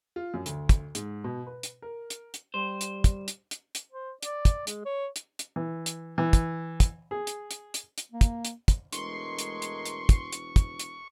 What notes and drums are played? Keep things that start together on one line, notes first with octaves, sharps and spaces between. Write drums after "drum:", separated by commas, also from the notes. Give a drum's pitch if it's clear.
F4
F#2
D2, drum: hi-hat
drum: kick, hi-hat
G#2, drum: hi-hat
B2
B4
drum: hi-hat
A#4
drum: hi-hat
drum: hi-hat
G3 C5
drum: hi-hat
drum: kick, hi-hat
drum: hi-hat
drum: hi-hat
drum: hi-hat
C5
D5, drum: hi-hat
drum: kick, hi-hat
G#3, drum: hi-hat
C#5
drum: hi-hat
drum: hi-hat
E3
drum: hi-hat
E3
drum: kick, hi-hat
drum: kick, hi-hat
G#4
drum: hi-hat
drum: hi-hat
drum: hi-hat
drum: hi-hat
A#3
drum: kick, hi-hat
drum: hi-hat
drum: kick, hi-hat
E1 G#3 A3 A#4 C6 C#6, drum: hi-hat
drum: hi-hat
drum: hi-hat
drum: hi-hat
drum: kick, hi-hat
drum: hi-hat
drum: kick, hi-hat
drum: hi-hat